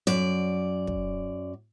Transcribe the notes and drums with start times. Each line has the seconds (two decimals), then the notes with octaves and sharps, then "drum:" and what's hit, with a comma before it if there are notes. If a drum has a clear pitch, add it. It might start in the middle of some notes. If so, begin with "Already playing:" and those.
0.07 F#2 D5, drum: hi-hat
0.87 drum: kick